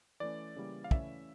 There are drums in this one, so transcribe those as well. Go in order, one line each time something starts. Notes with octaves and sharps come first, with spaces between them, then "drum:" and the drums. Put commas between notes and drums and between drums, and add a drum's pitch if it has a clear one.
E3 A3 C#4 D5
C#3 E3 G3 A#3
F5
E3 A3 C#4 E5, drum: kick